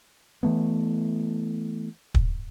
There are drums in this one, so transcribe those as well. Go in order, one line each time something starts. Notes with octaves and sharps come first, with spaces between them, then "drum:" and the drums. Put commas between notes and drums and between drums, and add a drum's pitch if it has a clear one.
E3 A3 B3
drum: kick